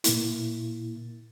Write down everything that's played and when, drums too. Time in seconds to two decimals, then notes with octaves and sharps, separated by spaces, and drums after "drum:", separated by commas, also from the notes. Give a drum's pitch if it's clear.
0.04 A#2 A#3 E4, drum: hi-hat